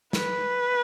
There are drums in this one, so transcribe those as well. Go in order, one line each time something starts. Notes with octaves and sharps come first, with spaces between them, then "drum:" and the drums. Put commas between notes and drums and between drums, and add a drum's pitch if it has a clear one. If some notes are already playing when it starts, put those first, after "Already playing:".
B4, drum: snare